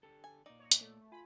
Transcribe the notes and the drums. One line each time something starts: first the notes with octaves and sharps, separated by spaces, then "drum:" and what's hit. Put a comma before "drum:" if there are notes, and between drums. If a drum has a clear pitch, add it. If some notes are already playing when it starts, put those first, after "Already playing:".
D3 G4 A4
G#5
A#2 D#4 D5
C#5 D#5
drum: hi-hat
A3
F4 G#5 B5